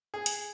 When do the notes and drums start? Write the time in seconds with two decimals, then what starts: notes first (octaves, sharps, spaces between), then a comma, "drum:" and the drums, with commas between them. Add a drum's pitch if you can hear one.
0.14 G#4
0.26 drum: hi-hat